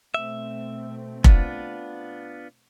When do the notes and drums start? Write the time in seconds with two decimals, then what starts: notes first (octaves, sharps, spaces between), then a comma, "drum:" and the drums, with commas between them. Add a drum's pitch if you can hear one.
0.14 B2 A3 C4 E5
1.24 B3 D4 F4, drum: kick F1